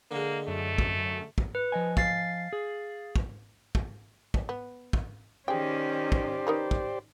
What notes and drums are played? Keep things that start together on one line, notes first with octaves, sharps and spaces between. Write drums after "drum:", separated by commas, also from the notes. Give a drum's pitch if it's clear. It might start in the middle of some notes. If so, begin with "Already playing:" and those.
D3 G#3 A#3
F#2 A3
drum: kick
drum: kick
B4
F3 D#5 G#5
F5 A6 C7, drum: kick
G#4
drum: kick
drum: kick
drum: kick
B3
drum: kick
D#3 C#4 G4 G#4 C5 D5 G5
drum: kick
D#4 A#4 B4
drum: kick